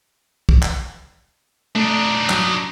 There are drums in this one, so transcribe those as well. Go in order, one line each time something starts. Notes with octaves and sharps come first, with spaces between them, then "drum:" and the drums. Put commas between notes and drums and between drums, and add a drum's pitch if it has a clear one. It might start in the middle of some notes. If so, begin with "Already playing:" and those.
drum: kick
drum: clap
A3 D4 D#4
G2 F#3, drum: clap